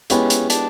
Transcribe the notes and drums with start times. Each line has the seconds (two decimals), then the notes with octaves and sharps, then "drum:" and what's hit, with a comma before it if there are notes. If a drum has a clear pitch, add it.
0.10 G#3 B3 C#4 E4 G4 B4, drum: hi-hat
0.30 drum: hi-hat
0.50 D4, drum: hi-hat